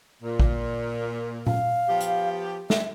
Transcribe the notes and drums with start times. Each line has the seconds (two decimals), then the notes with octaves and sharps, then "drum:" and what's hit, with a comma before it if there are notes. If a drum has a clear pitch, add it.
0.23 A#2
0.40 drum: kick
1.47 F5, drum: tom A#2
1.88 F3 B3 G4
2.00 drum: hi-hat
2.70 E5, drum: snare